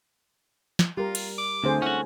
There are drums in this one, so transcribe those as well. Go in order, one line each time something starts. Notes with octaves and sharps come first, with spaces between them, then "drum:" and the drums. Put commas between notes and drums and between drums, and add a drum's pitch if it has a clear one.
drum: snare
G3 F4 G4 A#4
drum: cymbal
D6
D2 D3 A3 C4 G#4 C5
C#4 E4 F#4 F#5